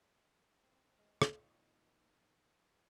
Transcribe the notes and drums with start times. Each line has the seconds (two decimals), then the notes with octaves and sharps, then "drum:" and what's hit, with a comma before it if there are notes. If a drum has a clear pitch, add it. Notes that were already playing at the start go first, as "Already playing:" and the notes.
0.63 C4
0.97 G#3 A#4
1.22 A#2 D#3 F3 C4, drum: rim click